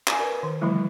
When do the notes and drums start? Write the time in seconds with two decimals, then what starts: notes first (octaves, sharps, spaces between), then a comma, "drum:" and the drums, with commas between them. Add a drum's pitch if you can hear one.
0.07 D5 G#5, drum: clap
0.20 A#4 B4
0.43 D#3
0.61 D3 E3 F3 G3 A3 E4